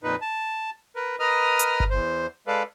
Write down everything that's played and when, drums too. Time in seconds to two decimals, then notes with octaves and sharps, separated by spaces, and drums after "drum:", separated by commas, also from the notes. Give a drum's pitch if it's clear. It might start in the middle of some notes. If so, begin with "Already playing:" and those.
0.03 F2 A#2 D#4 B4
0.22 A5
0.96 A#4 B4
1.20 A#4 B4 D#5 A#5 D#6 F6
1.59 drum: hi-hat
1.80 drum: kick G1
1.90 E2 C5
2.47 G#3 A4 B4 D5 F5